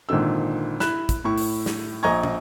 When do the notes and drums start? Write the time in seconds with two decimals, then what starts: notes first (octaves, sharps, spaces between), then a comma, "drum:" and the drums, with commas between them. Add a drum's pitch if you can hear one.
0.09 G#1 A#2 D3 D#3 E6
0.80 E4 B5 F#6 E7, drum: snare
1.09 drum: kick, hi-hat
1.24 A2 E4 C#6
1.38 drum: open hi-hat
1.66 drum: snare
2.03 A#1 D#5 G#5 A#5 C#6 G#6
2.23 drum: tom